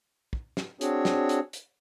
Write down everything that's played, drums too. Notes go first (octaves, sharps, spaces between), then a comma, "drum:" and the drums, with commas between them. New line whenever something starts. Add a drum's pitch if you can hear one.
drum: kick
drum: snare
C4 D4 F#4 G#4 C#5, drum: hi-hat
drum: snare
drum: hi-hat
drum: hi-hat